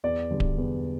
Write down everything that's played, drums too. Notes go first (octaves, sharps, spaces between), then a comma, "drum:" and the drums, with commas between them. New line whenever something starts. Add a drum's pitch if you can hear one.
E2 D5
D3 G3 B3
drum: kick D1
E2